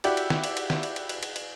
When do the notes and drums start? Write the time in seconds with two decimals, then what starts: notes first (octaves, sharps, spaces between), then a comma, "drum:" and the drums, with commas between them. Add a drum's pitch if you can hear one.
0.04 E4 F#4 G4 D5 E5, drum: cymbal
0.17 drum: cymbal
0.30 drum: snare
0.44 drum: cymbal
0.57 drum: cymbal
0.70 drum: snare
0.83 drum: cymbal
0.96 drum: cymbal
1.09 drum: cymbal
1.23 drum: cymbal
1.36 drum: cymbal